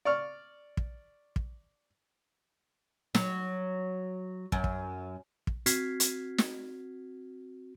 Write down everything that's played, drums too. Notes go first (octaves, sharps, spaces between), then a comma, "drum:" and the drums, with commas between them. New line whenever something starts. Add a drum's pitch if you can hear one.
D5 C#6 F6
drum: kick
drum: kick
F#3, drum: snare
F#2, drum: kick
drum: kick
drum: kick
C4 F#4 F6 G#6 B6 C7, drum: hi-hat
drum: hi-hat
drum: snare